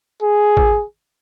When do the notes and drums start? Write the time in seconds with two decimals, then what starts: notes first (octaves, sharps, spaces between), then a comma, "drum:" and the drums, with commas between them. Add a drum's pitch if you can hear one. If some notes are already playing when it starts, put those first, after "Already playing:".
0.23 G#4
0.57 drum: kick